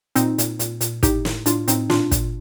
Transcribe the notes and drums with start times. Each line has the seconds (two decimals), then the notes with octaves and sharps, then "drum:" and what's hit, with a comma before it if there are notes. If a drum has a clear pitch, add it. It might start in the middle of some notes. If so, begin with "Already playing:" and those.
0.16 A#2 C4 D#4, drum: hi-hat
0.38 A#2, drum: hi-hat
0.59 A#2, drum: hi-hat
0.81 A#2, drum: hi-hat
1.03 A2 D#4 G4, drum: kick, hi-hat
1.25 A2, drum: snare
1.46 A2 D4 F4, drum: hi-hat
1.68 A2 C4 D#4, drum: hi-hat
1.90 A#2 D4 F4, drum: snare
2.11 A#2, drum: kick, hi-hat